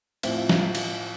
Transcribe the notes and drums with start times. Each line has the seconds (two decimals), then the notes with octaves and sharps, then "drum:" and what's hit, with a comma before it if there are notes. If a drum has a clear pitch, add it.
0.23 A2 F3 C4 E5, drum: cymbal
0.36 F5
0.49 E5, drum: snare
0.62 E5
0.75 drum: cymbal